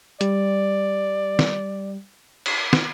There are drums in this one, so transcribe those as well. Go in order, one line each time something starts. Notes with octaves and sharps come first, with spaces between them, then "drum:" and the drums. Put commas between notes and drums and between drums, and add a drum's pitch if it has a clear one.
G3 D5, drum: hi-hat
drum: snare
drum: cymbal
drum: snare